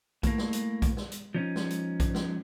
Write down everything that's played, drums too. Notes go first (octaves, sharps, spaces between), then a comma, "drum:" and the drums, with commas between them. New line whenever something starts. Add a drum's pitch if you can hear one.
A2 A#3, drum: kick, hi-hat
drum: snare
drum: hi-hat
drum: kick, hi-hat
drum: snare
drum: hi-hat
F3 C#4 D#4
drum: snare
drum: hi-hat
drum: kick, hi-hat
drum: snare